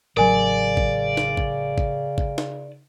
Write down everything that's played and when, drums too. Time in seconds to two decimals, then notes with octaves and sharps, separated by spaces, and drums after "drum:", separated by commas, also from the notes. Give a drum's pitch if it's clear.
0.17 A1 C#3 F#3 A#4 D5 G#5
0.77 drum: kick G#1
1.17 drum: snare
1.37 drum: kick G#1
1.78 drum: kick G#1
2.18 drum: kick G#1
2.38 drum: snare